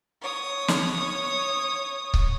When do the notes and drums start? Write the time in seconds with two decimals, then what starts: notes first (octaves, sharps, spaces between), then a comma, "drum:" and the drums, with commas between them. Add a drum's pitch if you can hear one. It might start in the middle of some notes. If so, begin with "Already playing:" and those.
0.22 C#5 D#6
0.68 drum: snare
2.14 drum: kick C#1